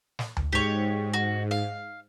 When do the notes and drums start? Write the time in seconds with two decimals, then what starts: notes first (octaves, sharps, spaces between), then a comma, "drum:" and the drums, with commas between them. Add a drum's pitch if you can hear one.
0.19 drum: snare
0.37 drum: tom D2
0.52 G#2 G4 C#5
1.13 F#4
1.51 F5